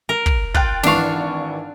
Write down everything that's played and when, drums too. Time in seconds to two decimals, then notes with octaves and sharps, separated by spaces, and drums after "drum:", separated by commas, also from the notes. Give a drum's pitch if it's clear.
0.09 A#4
0.26 drum: kick
0.54 F4 G5 F#6 A6, drum: kick
0.83 G#1 E3 D4 F5 C#6, drum: snare